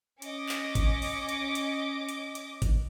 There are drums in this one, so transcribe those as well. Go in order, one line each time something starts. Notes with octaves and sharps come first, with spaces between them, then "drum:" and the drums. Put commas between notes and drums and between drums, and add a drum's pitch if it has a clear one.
C#4 D#5 D6, drum: hi-hat
drum: clap
drum: kick, hi-hat
drum: open hi-hat
drum: hi-hat
drum: hi-hat
drum: hi-hat
drum: hi-hat
drum: kick, hi-hat